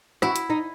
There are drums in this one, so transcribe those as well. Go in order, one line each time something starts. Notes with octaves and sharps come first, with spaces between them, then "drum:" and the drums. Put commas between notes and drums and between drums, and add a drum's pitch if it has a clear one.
E4 F#4, drum: rim click
drum: hi-hat
D#4